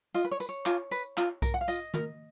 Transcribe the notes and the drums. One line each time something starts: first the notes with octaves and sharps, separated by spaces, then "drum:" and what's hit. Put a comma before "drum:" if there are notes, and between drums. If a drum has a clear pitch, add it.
F4 D#5, drum: tambourine
B4
C#5
B4, drum: tambourine
C#5
F4, drum: clap
B4, drum: tambourine
F4, drum: clap
A#4, drum: kick B1, tambourine
F#5
F5
F4 D#5, drum: tambourine
A#4, drum: tom